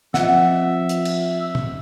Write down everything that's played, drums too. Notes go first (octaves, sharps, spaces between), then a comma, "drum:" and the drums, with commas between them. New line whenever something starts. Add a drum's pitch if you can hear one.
F3 C4 D#5 E5 F#5, drum: snare
drum: hi-hat
drum: cymbal
drum: tom